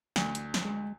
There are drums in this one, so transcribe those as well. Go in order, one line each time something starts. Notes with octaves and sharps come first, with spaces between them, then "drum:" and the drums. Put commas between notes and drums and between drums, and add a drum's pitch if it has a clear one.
D2, drum: snare
drum: hi-hat
drum: snare
G#3